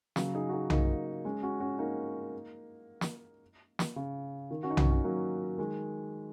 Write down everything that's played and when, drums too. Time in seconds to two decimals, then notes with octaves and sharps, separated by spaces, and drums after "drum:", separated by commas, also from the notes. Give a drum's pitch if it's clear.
0.16 C#3 F#3, drum: snare
0.34 D#4 G#4
0.49 F#4
0.53 D#4 G#4
0.70 A#3 D#4, drum: tom B1
1.25 G#3 C#4
1.43 C#4 F#4
1.60 C#4 F#4
1.79 A#3 D#4
3.01 drum: snare
3.79 drum: snare
3.96 C#3
4.51 D#3
4.63 C#4 F#4
4.70 D#4
4.77 C#4 F#4, drum: tom B1
4.91 C#4 F#4
5.04 F#3 A#3
5.58 D#3 G#3